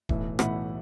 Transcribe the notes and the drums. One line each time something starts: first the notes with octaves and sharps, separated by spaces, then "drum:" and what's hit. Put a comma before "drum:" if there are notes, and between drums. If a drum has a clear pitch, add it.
B1 A2 E3, drum: kick D#1
B1 A2 E3 F#5 B5, drum: rim click